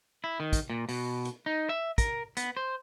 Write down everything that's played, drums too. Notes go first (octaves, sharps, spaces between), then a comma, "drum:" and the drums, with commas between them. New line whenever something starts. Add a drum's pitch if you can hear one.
E4
D#3
drum: kick, hi-hat
A#2
B2, drum: open hi-hat
drum: hi-hat
D#4
E5
A#4, drum: kick, hi-hat
B3, drum: hi-hat
C5